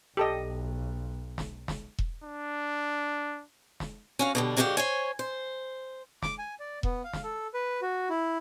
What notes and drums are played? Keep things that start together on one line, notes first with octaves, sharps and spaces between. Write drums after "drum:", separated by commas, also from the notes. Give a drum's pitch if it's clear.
B1 G4 A4 D#5
drum: snare
drum: snare
drum: kick E1
D4
drum: snare
C#4 F#4 F5
B2 D3 G3
G#2 D3 D4 F#4 G4 F5
C5 C#5 G#5
C5
D6, drum: snare
G#5
D5
B3, drum: kick E1
F5
drum: snare
A4
B4
F#4
E4